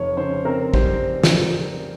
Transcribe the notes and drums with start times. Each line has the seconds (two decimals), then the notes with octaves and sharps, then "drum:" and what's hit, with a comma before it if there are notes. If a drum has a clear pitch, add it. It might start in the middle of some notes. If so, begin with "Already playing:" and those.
Already playing: F1 C#5
0.17 C#3 C5
0.45 C4 A#4
0.74 G3 C5, drum: kick
1.24 drum: snare